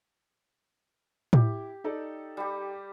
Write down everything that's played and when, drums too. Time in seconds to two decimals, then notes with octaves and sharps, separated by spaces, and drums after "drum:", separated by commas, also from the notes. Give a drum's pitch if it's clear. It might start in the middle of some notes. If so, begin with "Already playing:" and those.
1.33 E4 G4, drum: tom A2
1.84 D#4 A4 D5
2.37 G3 G4